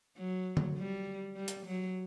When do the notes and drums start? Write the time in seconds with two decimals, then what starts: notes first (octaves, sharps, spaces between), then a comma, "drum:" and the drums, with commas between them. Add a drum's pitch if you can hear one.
0.18 F#3
0.57 drum: tom D3
0.78 G3
1.36 G3
1.48 drum: hi-hat
1.66 F#3